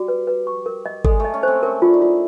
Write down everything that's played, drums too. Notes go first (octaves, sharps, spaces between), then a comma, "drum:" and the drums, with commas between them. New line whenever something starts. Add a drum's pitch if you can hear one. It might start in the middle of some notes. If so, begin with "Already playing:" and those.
Already playing: G3 F#4
B4
B4
C#6
A#4
D#5
G#3 A4, drum: kick G#1
A3 D#5
C#4
C4 C5
C#4 A#4
D4 F4
D#4
E4 F4